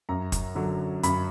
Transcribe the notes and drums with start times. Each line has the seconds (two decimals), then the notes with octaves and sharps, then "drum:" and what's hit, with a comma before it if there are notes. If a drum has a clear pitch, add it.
0.09 F#2 A#5
0.32 drum: kick, hi-hat
0.55 D3 F#3
1.03 F#2 B5, drum: hi-hat